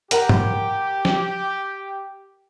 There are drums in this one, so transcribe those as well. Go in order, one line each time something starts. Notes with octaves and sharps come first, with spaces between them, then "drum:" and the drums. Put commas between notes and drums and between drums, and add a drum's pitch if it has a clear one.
G4 A#4 F#5 A#5, drum: hi-hat
drum: tom
drum: snare